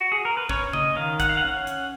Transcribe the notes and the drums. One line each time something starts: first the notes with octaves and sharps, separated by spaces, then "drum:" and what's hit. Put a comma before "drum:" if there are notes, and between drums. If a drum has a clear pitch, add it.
F#4
G#4
A#4
B4
C#4 C#5, drum: kick
D#5, drum: tom C#3
D#3 F5
F#5, drum: kick, hi-hat
F5
F#5
C#4
drum: hi-hat